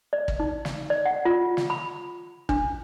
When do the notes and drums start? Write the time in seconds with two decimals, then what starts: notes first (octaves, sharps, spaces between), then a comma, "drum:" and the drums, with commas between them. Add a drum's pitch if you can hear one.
0.13 D5
0.28 drum: kick
0.40 D#4
0.65 drum: snare
0.90 D5
1.06 F#5
1.25 F4
1.57 drum: snare
1.70 B5
2.49 D4, drum: kick